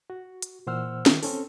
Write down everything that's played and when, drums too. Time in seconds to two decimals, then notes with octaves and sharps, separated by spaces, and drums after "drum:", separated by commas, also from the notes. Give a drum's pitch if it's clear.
0.10 F#4
0.42 drum: hi-hat
0.67 A#2 E3 C5 F#5 E6 F6
1.06 D#3 E4, drum: snare
1.23 C4 C#4 A4, drum: open hi-hat